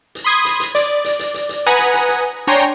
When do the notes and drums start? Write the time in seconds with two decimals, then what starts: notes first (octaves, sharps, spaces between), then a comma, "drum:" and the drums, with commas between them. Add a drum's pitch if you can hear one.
0.15 drum: hi-hat
0.24 B5 C6 D#6 G#6
0.45 drum: hi-hat
0.60 drum: hi-hat
0.75 D5, drum: hi-hat
1.04 drum: hi-hat
1.19 drum: hi-hat
1.34 drum: hi-hat
1.49 drum: hi-hat
1.66 B4 F#5 G#5 A#5 D#6, drum: hi-hat
1.79 drum: hi-hat
1.94 drum: hi-hat
2.09 drum: hi-hat
2.47 D4 C#5 G5 G#5 A#5 C6